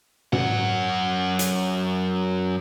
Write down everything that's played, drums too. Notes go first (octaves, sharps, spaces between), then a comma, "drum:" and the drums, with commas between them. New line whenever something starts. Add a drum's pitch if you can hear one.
F#2 F#5, drum: tom
drum: hi-hat